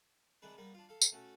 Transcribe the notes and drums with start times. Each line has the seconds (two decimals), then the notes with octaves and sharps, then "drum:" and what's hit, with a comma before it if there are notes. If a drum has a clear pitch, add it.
0.42 C3 D#3 G#3 D4 B4
0.58 G3 A#3 B3
0.74 D4 F4
0.89 A4 F5
1.02 drum: tambourine
1.12 A3 C#4 F#4 A4